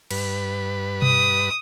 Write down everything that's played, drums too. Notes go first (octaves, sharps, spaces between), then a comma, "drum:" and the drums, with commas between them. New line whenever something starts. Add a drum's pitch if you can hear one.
G2 B4, drum: cymbal
D#6, drum: tom B2